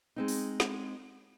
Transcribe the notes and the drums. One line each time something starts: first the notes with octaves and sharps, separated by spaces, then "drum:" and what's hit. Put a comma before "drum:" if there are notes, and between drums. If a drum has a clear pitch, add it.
G#3 C4 D#4
drum: open hi-hat
drum: snare